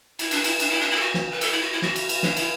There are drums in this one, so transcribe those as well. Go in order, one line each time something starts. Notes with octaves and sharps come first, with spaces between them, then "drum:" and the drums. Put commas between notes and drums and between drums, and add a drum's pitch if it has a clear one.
E4, drum: cymbal
D4, drum: cymbal
E4, drum: cymbal
D4, drum: cymbal
E4
D4
E4
A4
F#4
drum: snare
B4
A4, drum: cymbal
E4
F#4
E4
F#4, drum: snare
drum: cymbal
drum: cymbal
D4, drum: snare
E4, drum: cymbal